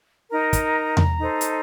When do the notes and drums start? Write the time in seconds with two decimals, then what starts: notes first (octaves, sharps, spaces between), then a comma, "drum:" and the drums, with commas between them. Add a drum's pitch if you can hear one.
0.31 D#4 A#4 A#5
0.53 drum: kick, hi-hat
0.97 drum: tom E2
1.18 D#4 A4 C5
1.41 drum: hi-hat